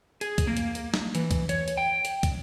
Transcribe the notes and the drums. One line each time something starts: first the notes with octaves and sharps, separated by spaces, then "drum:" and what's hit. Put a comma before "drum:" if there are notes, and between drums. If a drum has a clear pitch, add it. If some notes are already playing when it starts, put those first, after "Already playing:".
G#4, drum: hi-hat
drum: kick, hi-hat
A#3
drum: hi-hat
drum: hi-hat
drum: snare
E3, drum: hi-hat
drum: kick, hi-hat
C#5, drum: hi-hat
drum: hi-hat
G5
drum: hi-hat
drum: kick, hi-hat